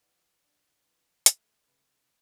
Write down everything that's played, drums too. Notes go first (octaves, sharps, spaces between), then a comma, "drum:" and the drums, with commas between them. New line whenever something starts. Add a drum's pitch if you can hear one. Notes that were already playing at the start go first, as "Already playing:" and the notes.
E3 D5 F#5
D4
E3
A3, drum: hi-hat
C#3 B4